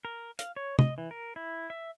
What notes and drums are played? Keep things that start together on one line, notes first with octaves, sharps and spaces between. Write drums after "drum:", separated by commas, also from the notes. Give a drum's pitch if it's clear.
A#4
F5, drum: hi-hat
C#5
D#5, drum: tom
E3
A#4
E4
E5